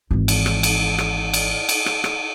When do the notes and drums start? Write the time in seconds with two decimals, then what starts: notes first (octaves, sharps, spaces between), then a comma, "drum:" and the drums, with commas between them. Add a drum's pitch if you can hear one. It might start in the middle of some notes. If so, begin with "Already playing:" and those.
0.11 G#1 E3
0.28 drum: cymbal
0.46 drum: rim click
0.63 drum: cymbal
0.98 drum: rim click
1.34 drum: cymbal
1.69 drum: cymbal
1.86 drum: rim click
2.04 drum: rim click